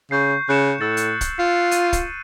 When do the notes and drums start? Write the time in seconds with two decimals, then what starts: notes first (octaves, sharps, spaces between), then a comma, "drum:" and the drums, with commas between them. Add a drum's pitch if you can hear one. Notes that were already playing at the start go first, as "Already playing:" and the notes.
0.11 C#3 C#6 G6 C7
0.49 C#3 F#6 C#7 E7
0.81 A2 E6 A6
0.97 drum: hi-hat
1.21 drum: kick, hi-hat
1.39 F4 C7
1.71 D#7, drum: hi-hat
1.93 drum: kick, hi-hat